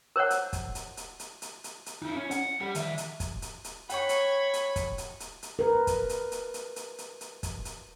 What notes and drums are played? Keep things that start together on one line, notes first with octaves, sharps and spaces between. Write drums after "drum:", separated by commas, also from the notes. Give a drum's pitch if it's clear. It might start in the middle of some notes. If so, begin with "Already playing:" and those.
A#4 C5 C#5 F#5
drum: hi-hat
drum: kick, hi-hat
drum: hi-hat
drum: hi-hat
drum: hi-hat
drum: hi-hat
drum: hi-hat
drum: hi-hat
D#4 E4
C#4
F#5, drum: hi-hat
G3 G4
D#3 E5, drum: hi-hat
drum: hi-hat
drum: kick, hi-hat
drum: hi-hat
drum: hi-hat
C#5 F#5 G5 B5 C#6, drum: hi-hat
drum: hi-hat
drum: hi-hat
drum: kick, hi-hat
drum: hi-hat
drum: hi-hat
drum: hi-hat
A#4 B4
drum: kick, hi-hat
drum: hi-hat
drum: hi-hat
drum: hi-hat
drum: hi-hat
drum: hi-hat
drum: hi-hat
drum: kick, hi-hat
drum: hi-hat